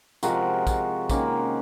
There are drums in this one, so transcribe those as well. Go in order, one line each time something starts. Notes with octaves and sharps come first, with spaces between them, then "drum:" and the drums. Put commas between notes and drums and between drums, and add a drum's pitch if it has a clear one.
C3 F3 G#3 F#4 A#4, drum: tambourine
drum: kick, tambourine
C3 D#3 G#3 A#3 C#4, drum: kick, tambourine